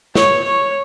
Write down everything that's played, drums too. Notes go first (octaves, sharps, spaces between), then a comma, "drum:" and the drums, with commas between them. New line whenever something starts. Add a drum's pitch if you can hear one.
C#5, drum: snare
C#5